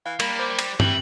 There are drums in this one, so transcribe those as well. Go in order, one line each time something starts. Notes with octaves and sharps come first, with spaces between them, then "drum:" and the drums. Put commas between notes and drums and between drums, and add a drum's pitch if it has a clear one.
E3 F5
G3 A#3 A#4 B5, drum: cymbal
C5 D6 G6
drum: cymbal
E3 G3 C4 F#7, drum: tom